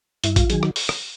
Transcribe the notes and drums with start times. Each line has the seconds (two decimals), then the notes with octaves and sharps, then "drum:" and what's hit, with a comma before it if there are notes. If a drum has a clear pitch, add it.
0.24 G2 E4, drum: hi-hat
0.36 F4, drum: kick A1, hi-hat
0.50 D#3 F#3 G#4, drum: hi-hat
0.63 drum: rim click
0.76 drum: open hi-hat
0.89 drum: rim click